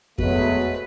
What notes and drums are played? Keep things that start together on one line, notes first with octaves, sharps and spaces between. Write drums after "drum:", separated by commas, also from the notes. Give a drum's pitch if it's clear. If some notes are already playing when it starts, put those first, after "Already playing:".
B2 F#3 G#3 A3 B4, drum: kick F2